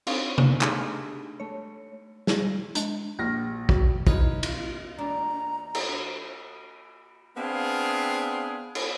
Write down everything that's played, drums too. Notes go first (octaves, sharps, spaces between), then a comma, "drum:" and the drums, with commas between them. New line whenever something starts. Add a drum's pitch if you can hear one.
C4 D4 D#4 F5 C#6, drum: cymbal
drum: tom C3
A3 B3 D4 D#4 G4 G#4, drum: clap
A3 C#5
drum: snare
G#3 D4, drum: hi-hat
A#1 F6 A#6
F#4, drum: kick
D#4 E4 A#4 B4 C#5, drum: kick
F4, drum: cymbal
E2 D4 A#5
drum: cymbal
B3 C4 D4 G#4 F5
drum: cymbal